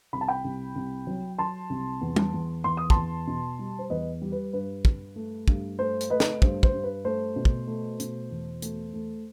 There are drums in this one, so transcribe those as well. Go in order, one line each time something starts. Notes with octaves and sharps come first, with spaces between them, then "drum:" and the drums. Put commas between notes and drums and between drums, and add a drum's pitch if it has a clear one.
C2 B5
A5
G5 B5
C2
C2
F#3
F#3 A5 C6
C2
E2
drum: tom
E2
E2 C6
D#6
A5 C6, drum: kick
E2
B2
G3
C5
E2 B4 D#5
G3
B4
G2 B4
G2, drum: kick
A3
G2, drum: kick
A3 C5
drum: hi-hat
A3 B4 D#5
drum: snare
G2 C5, drum: kick
C5, drum: kick
G2
B4
A3 C5
B2
drum: kick
A3
B2, drum: hi-hat
E2
A3, drum: hi-hat
A3